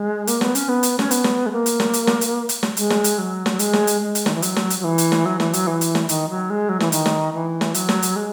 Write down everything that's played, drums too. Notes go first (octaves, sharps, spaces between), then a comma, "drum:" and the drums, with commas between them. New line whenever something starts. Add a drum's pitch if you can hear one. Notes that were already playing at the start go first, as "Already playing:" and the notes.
Already playing: G#3
A#3, drum: hi-hat
B3, drum: snare
C#4, drum: hi-hat
B3
drum: hi-hat
C#4, drum: snare
B3, drum: hi-hat
drum: snare
G#3
A#3
drum: hi-hat
drum: snare
drum: hi-hat
drum: snare
drum: hi-hat
drum: hi-hat
drum: snare
G#3, drum: hi-hat
drum: snare
drum: hi-hat
F#3
drum: snare
G#3, drum: hi-hat
drum: snare
drum: hi-hat
G#3
drum: hi-hat
D#3, drum: snare
E3
F#3, drum: hi-hat
drum: snare
drum: hi-hat
F#3
E3
drum: hi-hat
drum: snare
F#3
E3, drum: snare
F#3, drum: hi-hat
E3
drum: hi-hat
drum: snare
D#3, drum: hi-hat
F#3
G#3
F#3
E3, drum: snare
D#3, drum: hi-hat
drum: snare
E3
drum: snare
F#3, drum: hi-hat
drum: snare
drum: hi-hat
G#3